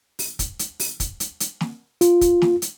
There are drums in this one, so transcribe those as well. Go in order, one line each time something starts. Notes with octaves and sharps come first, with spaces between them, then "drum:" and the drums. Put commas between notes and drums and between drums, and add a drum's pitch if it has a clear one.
drum: open hi-hat
drum: kick, hi-hat
drum: hi-hat
drum: open hi-hat
drum: kick, hi-hat
drum: hi-hat
drum: hi-hat
drum: snare
F4, drum: hi-hat
drum: kick, hi-hat
drum: snare
drum: hi-hat